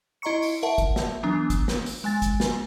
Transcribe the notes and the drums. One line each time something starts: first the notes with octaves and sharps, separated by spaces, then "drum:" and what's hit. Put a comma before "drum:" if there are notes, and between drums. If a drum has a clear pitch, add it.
E4 D#5 A#5 C6 C#6 C#7
drum: open hi-hat
A#4 E5 F#5 A5
drum: kick, hi-hat
drum: snare
E3 F#3 B3 D4
drum: kick, hi-hat
drum: snare
drum: open hi-hat
G#3 G#5 A6
drum: kick, hi-hat
drum: snare